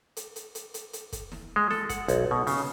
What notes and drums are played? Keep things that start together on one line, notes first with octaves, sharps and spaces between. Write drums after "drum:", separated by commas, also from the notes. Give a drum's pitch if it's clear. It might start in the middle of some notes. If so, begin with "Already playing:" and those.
drum: hi-hat
drum: hi-hat
drum: hi-hat
drum: hi-hat
drum: hi-hat
drum: kick, hi-hat
drum: snare
G#3
A4, drum: snare
F#5, drum: kick, hi-hat
B1, drum: hi-hat
B2
C#3, drum: open hi-hat